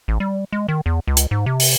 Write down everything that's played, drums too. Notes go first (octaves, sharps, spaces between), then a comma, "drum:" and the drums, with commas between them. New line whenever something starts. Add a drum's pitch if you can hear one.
A1
G3
G#3
D#3
E2
C#2
drum: hi-hat
G#2
C3
drum: open hi-hat